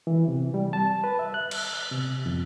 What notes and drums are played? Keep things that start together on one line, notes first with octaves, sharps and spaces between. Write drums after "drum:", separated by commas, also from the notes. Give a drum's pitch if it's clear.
E3
C3
G3
A5
B4
E5
F#6
drum: cymbal
C3
F2